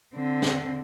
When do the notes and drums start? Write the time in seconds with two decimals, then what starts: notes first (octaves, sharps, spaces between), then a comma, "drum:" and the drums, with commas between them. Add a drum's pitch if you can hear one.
0.15 D3 C4
0.42 drum: snare